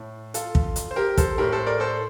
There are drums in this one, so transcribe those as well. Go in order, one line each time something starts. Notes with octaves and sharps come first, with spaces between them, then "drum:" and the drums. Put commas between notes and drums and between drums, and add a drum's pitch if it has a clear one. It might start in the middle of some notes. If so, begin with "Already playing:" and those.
Already playing: A2
F4 A4, drum: hi-hat
drum: kick
drum: hi-hat
C5
G4 A#4
A4 C5, drum: kick, hi-hat
A2 G4 A#4
A4 C5
A#4 D5
A4 C5